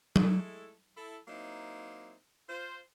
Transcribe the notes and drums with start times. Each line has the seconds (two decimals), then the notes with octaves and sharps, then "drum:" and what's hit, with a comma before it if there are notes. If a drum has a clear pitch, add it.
0.16 G#3 A3 E4 A4, drum: tom F#3
0.96 E4 A4
1.28 F#3 A#3 C4 D#4 E4
2.49 F4 C5